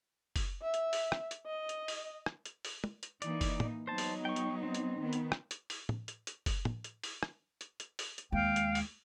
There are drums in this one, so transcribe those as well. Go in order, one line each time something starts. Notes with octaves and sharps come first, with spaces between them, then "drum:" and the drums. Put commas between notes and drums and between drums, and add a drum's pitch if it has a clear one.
drum: kick F#1, open hi-hat
E5
drum: hi-hat
drum: open hi-hat
drum: rim click
drum: hi-hat
D#5
drum: hi-hat
drum: open hi-hat
drum: rim click
drum: hi-hat
drum: open hi-hat
drum: tom
drum: hi-hat
E3 A#3 D#4 D5, drum: hi-hat
drum: kick F#1, open hi-hat
drum: tom
F#3 B3 D#4 C5 A5
drum: open hi-hat
G5 C#6
drum: hi-hat
C4
drum: hi-hat
D#3 B3
drum: hi-hat
drum: rim click
drum: hi-hat
drum: open hi-hat
drum: tom
drum: hi-hat
drum: hi-hat
drum: kick F#1, open hi-hat
drum: tom
drum: hi-hat
drum: open hi-hat
drum: rim click
drum: hi-hat
drum: hi-hat
drum: open hi-hat
drum: hi-hat
D#2 G#3 F5 G5
drum: hi-hat
drum: open hi-hat